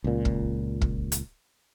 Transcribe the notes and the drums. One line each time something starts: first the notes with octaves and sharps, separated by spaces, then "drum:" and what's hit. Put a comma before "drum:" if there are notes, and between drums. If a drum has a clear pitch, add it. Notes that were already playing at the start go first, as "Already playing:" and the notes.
C#2 A#2
drum: kick
drum: kick
drum: hi-hat